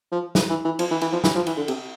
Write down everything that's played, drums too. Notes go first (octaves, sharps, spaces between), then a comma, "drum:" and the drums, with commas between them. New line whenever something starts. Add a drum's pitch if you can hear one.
F3
E3, drum: snare
E3
E3
F3, drum: cymbal
E3
E3, drum: cymbal
F3
E3, drum: snare
F3
E3, drum: cymbal
D3
C3, drum: cymbal